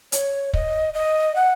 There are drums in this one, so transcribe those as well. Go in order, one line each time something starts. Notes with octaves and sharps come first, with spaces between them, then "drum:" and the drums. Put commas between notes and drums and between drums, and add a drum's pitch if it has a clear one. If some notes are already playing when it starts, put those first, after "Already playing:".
C#5, drum: hi-hat
D#5, drum: kick
D#5
F#5